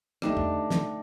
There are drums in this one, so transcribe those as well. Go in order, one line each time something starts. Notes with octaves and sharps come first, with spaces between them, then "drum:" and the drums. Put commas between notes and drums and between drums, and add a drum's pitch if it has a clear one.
D3 A3 D4 D#4 G4, drum: rim click
drum: tom E2
drum: snare